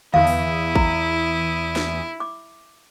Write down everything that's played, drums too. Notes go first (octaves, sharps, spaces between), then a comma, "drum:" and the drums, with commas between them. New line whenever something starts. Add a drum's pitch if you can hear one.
E2 E4 F5 D#6, drum: tom D3
drum: open hi-hat
A#5, drum: kick
drum: snare
D6